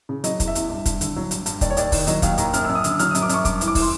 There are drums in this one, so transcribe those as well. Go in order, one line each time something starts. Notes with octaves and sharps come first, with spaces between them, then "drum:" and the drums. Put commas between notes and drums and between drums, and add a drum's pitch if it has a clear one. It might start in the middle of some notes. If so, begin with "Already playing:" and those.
C#3
F#3 D#5, drum: hi-hat
E2, drum: kick, hi-hat
E5
E2, drum: hi-hat
G2
G2, drum: kick, hi-hat
D3, drum: hi-hat
F#3
G2, drum: hi-hat
G2, drum: hi-hat
D#2 D5, drum: kick, hi-hat
C#5
D#2 D5, drum: hi-hat
D#3, drum: kick, open hi-hat
F#3 D#5, drum: hi-hat
D#2 F5, drum: kick, hi-hat
D#2 A#5, drum: hi-hat
F#2 F6, drum: hi-hat
F#2 E6
D#6
D3 E6, drum: hi-hat
F#3 F6, drum: hi-hat
D#6
F#2, drum: hi-hat
D6
F#2 C#6, drum: hi-hat
G2 D6, drum: kick, hi-hat
E3, drum: hi-hat
D6
E3, drum: kick, open hi-hat
C6